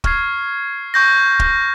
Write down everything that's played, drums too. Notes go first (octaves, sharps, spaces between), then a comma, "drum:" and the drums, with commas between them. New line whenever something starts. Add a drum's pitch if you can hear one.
C#6 F6 G#6 C7, drum: kick
C#6 G6 A#6
drum: kick